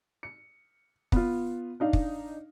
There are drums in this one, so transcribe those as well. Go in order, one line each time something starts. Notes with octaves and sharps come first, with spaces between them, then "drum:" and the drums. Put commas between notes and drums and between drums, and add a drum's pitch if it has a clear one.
C#7
B3 F4, drum: kick
D4 D#4 F5
drum: kick